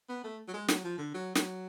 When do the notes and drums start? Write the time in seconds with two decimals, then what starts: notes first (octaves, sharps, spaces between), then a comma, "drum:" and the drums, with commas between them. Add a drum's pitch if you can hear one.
0.09 B3
0.24 A3
0.48 F#3
0.54 G#3
0.68 F#3, drum: snare
0.84 F3
0.98 D3
1.14 F#3
1.35 F#3, drum: snare